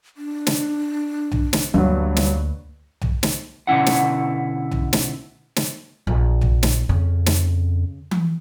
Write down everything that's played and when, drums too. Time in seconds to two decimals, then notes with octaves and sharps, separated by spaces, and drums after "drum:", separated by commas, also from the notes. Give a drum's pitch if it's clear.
0.17 D4
0.47 drum: snare
1.32 drum: tom B1
1.53 drum: snare
1.74 D2 G2 F#3 A#3
2.17 drum: snare
3.01 drum: tom B1
3.23 drum: snare
3.67 B2 D3 C#4 E4 F#5
3.86 drum: snare
4.71 drum: tom B1
4.93 drum: snare
5.56 drum: snare
6.07 A#1
6.41 drum: tom B1
6.63 drum: snare
6.89 F2 C#3
7.26 drum: snare
8.11 drum: tom E3